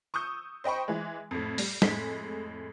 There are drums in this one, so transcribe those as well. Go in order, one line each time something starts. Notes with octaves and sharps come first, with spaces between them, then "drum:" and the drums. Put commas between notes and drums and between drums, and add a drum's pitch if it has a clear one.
C#6 D#6 E6 G6
C5 D#5 G5 B5 C#6
E3 G#3
F2 A2
G3, drum: open hi-hat
F2 A2 G#3 B6, drum: snare